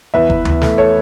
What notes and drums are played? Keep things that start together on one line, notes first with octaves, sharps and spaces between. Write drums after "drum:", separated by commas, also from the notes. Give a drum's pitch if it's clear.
E2 B4 E5
E2, drum: kick F#1
E2, drum: tom D2
A3, drum: snare
A4 C#5